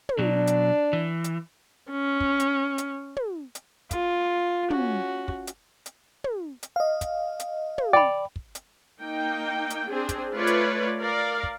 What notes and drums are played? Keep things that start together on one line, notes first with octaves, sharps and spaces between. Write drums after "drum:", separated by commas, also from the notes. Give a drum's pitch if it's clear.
drum: tom
B2 F#3 D4
drum: hi-hat
E3
drum: hi-hat
C#4
drum: kick
drum: hi-hat
drum: hi-hat
drum: tom
drum: hi-hat
F4, drum: kick, hi-hat
C#4 F#4, drum: tom
drum: kick
drum: hi-hat
drum: hi-hat
drum: tom
drum: hi-hat
D#5 F5
drum: kick, hi-hat
drum: hi-hat
drum: tom
D5 G5 B5
drum: kick
drum: hi-hat
A#3 D#4 G5
drum: hi-hat
C4 D4 G#4
drum: kick, hi-hat
A3 F4 B4 C#5 D5
drum: hi-hat
A#4 D5 F5
drum: kick